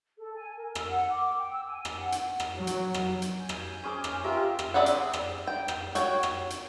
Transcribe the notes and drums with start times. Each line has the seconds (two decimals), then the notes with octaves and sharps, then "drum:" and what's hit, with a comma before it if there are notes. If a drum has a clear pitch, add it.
0.18 A4
0.36 G#5
0.57 A#4
0.75 E6, drum: rim click
0.90 F#5
1.10 D6
1.38 G5
1.50 E6
1.67 G#5
1.85 drum: rim click
1.94 F#5
2.12 drum: hi-hat
2.40 drum: rim click
2.55 F#3
2.67 drum: hi-hat
2.94 drum: rim click
3.22 drum: hi-hat
3.40 G#5 G6
3.49 drum: rim click
3.84 C#4 G#4 C5 D6
4.04 drum: rim click
4.24 F4 G4 A#4 E5
4.59 drum: rim click
4.74 C4 G#4 D5 E5 F#5
4.86 drum: hi-hat
5.13 drum: rim click
5.47 G5
5.68 drum: rim click
5.95 F#4 C#5 G5, drum: hi-hat
6.23 drum: rim click
6.50 drum: hi-hat